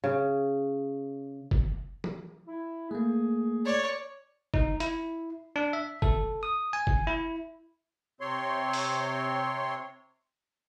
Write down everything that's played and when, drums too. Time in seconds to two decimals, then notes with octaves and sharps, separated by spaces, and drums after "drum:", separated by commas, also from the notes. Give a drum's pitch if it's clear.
0.04 C#3
1.51 drum: kick F#1
2.04 drum: tom E3
2.48 E4
2.91 A3 A#3 G#4
3.65 C#5 D5
4.54 D#4, drum: kick F#1
4.80 E4, drum: hi-hat
5.56 D4
5.73 E5
6.02 A4, drum: kick F#1
6.43 D#6
6.73 G#5
6.87 drum: kick F#1
7.07 E4
8.21 C3 C4 C#5 C6
8.73 drum: open hi-hat